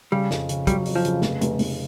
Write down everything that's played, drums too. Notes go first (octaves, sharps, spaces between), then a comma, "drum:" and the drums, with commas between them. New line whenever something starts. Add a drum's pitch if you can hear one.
C#3 G3
F2, drum: snare
C#3, drum: hi-hat
F#3 G3, drum: kick, hi-hat
F2, drum: open hi-hat
F3
C#3, drum: hi-hat
F1, drum: snare
F1, drum: hi-hat
F1, drum: open hi-hat